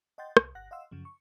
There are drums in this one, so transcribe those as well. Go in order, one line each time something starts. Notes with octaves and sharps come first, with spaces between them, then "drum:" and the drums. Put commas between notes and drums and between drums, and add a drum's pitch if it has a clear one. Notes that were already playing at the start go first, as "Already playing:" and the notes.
D#5 F#5 G5 C6 G6 A6
C2, drum: rim click
G1 F#5 F#6 A#6
D#5 F5 F#5 C6 E6
F#2 C#3 F3
C#6